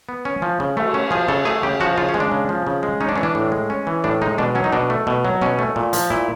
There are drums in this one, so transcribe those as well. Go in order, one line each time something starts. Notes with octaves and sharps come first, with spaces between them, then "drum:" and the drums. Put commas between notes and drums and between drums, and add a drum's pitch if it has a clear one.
B3
C#4
F3
C#3
A3, drum: cymbal
C#4
F3 G#4
C#3 A4
A3 G#4
C#3 G4
F3 F#4
C#3 F4
C#4
G#3
D4
C#3
F3
C#3
G#3
C#4 D#4
D4
E3 C#4
D4
A2
G#3
C#4
E3
A2 D4
G#3 D#4
B2 D4
F#3 C#4
D#4
B2 D4
A3
B2
F#3
B2 C#4
A3
A#2
F3, drum: hi-hat
A#2 E4